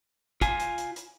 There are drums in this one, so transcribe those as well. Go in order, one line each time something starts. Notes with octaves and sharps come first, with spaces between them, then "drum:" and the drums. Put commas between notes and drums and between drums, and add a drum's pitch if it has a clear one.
F4 G#5, drum: kick, hi-hat
drum: hi-hat
drum: hi-hat
drum: hi-hat